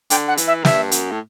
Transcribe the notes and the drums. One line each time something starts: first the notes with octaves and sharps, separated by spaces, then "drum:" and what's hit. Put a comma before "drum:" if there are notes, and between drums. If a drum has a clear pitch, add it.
D3 G5, drum: hi-hat
F#5
E3, drum: hi-hat
E5
G2 E5, drum: snare
F#2, drum: hi-hat
A2